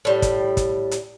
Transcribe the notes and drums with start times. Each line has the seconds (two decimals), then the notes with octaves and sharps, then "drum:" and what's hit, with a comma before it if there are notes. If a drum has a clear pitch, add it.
0.05 A2 G3
0.22 drum: kick, hi-hat
0.57 drum: kick, hi-hat
0.91 drum: hi-hat